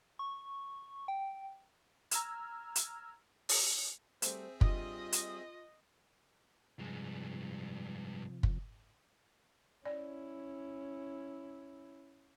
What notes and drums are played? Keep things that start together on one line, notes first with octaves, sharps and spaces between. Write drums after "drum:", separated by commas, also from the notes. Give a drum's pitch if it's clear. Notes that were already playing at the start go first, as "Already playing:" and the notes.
C#6
G5
A#5 E6 F6 G#6, drum: hi-hat
drum: hi-hat
drum: open hi-hat
G3 A3 C4 G#4 C5 E5, drum: hi-hat
G3 D4 F4 D#5, drum: kick
drum: hi-hat
G2 C3 F3 G#3
drum: kick
C#4 E4 D5